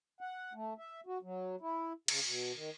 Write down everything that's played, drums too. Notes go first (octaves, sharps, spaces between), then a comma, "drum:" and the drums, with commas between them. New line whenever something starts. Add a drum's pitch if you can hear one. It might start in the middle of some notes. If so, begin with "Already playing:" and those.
F#5
A3
E5
F#4
F#3
E4
C#3, drum: cymbal
B2
D#3